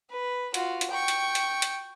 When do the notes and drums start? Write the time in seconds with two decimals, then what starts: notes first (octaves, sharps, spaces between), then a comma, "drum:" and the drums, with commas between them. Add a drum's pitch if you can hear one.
0.10 B4
0.54 F4 F#4, drum: hi-hat
0.81 drum: hi-hat
0.90 G5 C#6
1.08 drum: hi-hat
1.35 drum: hi-hat
1.62 drum: hi-hat